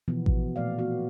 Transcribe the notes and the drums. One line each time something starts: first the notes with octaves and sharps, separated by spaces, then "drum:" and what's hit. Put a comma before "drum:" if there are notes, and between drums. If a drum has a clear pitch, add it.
B2 E3 F3 B3
drum: kick A1
A#2 A3 D5 F5
B3 F#4